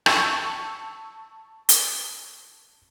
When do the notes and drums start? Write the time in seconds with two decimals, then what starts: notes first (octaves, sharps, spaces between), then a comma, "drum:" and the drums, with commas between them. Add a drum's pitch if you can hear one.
0.06 A5 C#6 E6 C#7, drum: rim click
1.69 drum: hi-hat